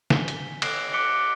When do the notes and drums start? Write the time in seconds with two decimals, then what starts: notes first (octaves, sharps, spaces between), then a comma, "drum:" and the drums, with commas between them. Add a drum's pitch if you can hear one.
0.10 G#5 B6 G7, drum: snare
0.28 drum: hi-hat
0.62 F#6 A#6 C7 D7, drum: cymbal
0.93 D6 F#6 B6 C#7 D7 G7